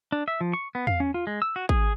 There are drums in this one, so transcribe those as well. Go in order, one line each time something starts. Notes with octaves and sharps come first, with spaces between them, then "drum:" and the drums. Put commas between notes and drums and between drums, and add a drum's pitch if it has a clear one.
D4
E5
F3
C#6
B3
F5, drum: tom E2
C#4
F4
G#3
E6
F#4
G#4, drum: kick